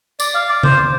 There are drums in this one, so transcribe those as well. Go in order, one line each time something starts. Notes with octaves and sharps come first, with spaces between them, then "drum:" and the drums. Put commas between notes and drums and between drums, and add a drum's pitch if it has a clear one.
D5, drum: tambourine
F5
D5
C5, drum: tom C#3